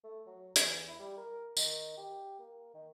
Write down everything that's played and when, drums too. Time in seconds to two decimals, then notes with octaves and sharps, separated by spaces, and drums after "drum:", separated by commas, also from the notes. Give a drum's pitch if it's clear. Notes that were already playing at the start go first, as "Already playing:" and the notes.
0.04 A3
0.26 F#3
0.56 E2, drum: hi-hat
0.88 E4
1.00 G3
1.17 A#4
1.57 D#3, drum: tambourine
1.97 G4
2.39 A#3
2.74 D#3